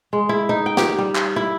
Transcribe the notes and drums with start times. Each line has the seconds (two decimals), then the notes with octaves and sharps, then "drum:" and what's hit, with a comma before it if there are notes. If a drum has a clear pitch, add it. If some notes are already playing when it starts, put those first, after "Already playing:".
0.13 G#3
0.29 E4
0.49 D#4
0.66 G5
0.77 G4, drum: snare
0.98 G3
1.15 drum: clap
1.36 E4